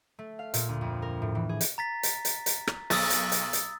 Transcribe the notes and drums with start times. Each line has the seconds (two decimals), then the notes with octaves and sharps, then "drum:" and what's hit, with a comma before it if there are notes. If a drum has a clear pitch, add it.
0.19 A3
0.39 F5
0.54 A#2, drum: hi-hat
0.69 D2
0.81 F2
1.02 A#4
1.22 A2
1.35 E3
1.49 G#4
1.61 drum: hi-hat
1.78 A#5 A6 B6
2.03 drum: hi-hat
2.25 drum: hi-hat
2.46 drum: hi-hat
2.67 drum: rim click
2.90 B1 D#6 E6 A6, drum: open hi-hat
3.10 drum: hi-hat
3.32 drum: hi-hat
3.53 drum: hi-hat